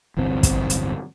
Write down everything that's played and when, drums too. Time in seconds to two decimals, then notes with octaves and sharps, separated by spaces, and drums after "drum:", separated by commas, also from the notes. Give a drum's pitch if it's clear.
0.17 D1 G1 E3 C4
0.43 drum: kick, hi-hat
0.70 drum: hi-hat